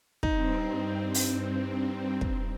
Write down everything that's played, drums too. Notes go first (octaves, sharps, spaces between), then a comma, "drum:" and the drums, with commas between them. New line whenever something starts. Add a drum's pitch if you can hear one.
G2 C4 D#4, drum: kick
drum: open hi-hat
drum: kick